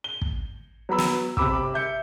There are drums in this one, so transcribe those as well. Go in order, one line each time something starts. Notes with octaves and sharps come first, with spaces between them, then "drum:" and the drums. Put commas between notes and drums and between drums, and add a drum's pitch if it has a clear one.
G7
drum: kick
F#3 B3 B5 E6
drum: snare
G1 C3 B5 D6 E6, drum: kick
E5 G6 C#7